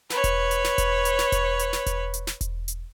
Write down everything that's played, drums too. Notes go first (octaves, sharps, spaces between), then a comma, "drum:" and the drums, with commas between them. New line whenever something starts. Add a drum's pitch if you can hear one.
B4 C#5, drum: snare
drum: kick E1, hi-hat
drum: hi-hat
drum: snare
drum: kick E1, hi-hat
drum: hi-hat
drum: snare
drum: kick E1, hi-hat
drum: hi-hat
drum: snare
drum: kick E1, hi-hat
drum: hi-hat
drum: snare
drum: kick E1, hi-hat
drum: hi-hat